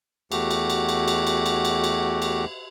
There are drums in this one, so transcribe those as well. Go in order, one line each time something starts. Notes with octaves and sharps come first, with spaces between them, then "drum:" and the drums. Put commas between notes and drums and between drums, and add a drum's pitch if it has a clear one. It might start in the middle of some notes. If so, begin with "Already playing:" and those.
E2 A3 F#4 G4, drum: cymbal
drum: cymbal
drum: cymbal
drum: cymbal
drum: cymbal
drum: cymbal
drum: cymbal
drum: cymbal
drum: cymbal
drum: cymbal